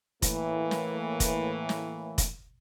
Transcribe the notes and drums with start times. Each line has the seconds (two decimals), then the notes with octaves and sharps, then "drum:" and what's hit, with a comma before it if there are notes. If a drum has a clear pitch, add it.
0.22 A2 E3 A#3, drum: kick F1, hi-hat
0.71 drum: snare
1.20 drum: kick F1, hi-hat
1.69 drum: snare
2.18 drum: kick F1, hi-hat